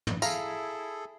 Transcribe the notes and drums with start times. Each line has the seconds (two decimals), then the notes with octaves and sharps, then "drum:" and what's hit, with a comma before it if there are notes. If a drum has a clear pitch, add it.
0.07 drum: tom
0.22 E4 G#4 A4 F5 A#5, drum: tambourine